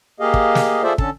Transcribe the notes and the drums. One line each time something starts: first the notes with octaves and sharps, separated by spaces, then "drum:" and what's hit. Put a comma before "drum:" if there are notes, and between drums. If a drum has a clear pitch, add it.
A#3 G4 G#4 D#5 F5
drum: kick
drum: snare
F4 G#4 A4 C5 D5 E5
D3 C#4 A4 A5, drum: kick